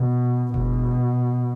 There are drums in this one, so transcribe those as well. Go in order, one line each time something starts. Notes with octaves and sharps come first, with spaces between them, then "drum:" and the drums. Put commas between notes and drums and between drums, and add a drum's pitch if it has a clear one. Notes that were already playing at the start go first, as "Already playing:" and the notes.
Already playing: B2
B2, drum: kick F#1